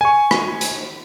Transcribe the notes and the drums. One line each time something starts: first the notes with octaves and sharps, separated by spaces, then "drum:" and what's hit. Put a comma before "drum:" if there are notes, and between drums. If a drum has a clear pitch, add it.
G#5 C#6
drum: rim click
drum: hi-hat